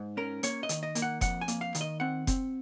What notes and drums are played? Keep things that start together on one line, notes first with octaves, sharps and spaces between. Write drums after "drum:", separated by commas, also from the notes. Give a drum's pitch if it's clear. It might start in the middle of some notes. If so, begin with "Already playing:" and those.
Already playing: G#2
C#4 A#4
A#3 C#5, drum: hi-hat
D#5
D#3, drum: hi-hat
D#5
A#3, drum: hi-hat
F#5
F2 F#5, drum: kick F1, hi-hat
G#5
A#3, drum: hi-hat
F5
D#3, drum: hi-hat
D#5
C4 F#5
C4, drum: kick F1, hi-hat